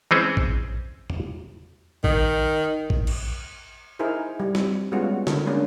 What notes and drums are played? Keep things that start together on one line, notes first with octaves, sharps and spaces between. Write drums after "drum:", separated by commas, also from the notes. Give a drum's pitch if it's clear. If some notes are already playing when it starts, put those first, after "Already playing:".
E3 G#3 C4 C#4 G#4 C5
drum: kick
drum: tom E2
D#3, drum: kick
drum: kick
drum: cymbal
D#4 E4 G#4 A#4 C5
G3
G3 C4, drum: snare
G3 G#3 B3 C#4 F4 F#4
D3 A#4, drum: snare
G#3 A#3 C#4 D4